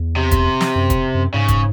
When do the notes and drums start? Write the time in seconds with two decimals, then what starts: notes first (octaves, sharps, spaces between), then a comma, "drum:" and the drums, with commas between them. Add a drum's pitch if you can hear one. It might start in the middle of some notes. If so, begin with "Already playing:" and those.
Already playing: E2
0.16 C3
0.31 drum: kick, hi-hat
0.61 drum: snare
0.75 F#2
0.90 drum: kick, hi-hat
1.15 F#2
1.34 G#2 C#3
1.48 drum: kick, hi-hat